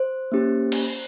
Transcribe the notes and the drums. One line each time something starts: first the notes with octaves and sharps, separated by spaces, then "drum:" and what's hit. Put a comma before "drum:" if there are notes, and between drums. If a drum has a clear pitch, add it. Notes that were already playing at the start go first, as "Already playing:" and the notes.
Already playing: C5
A#3 C#4 G4
drum: cymbal